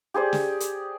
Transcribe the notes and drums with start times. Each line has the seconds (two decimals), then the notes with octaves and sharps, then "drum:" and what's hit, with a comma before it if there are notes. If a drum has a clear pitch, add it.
0.14 G4 G#4 C5 D5
0.33 drum: snare
0.60 drum: hi-hat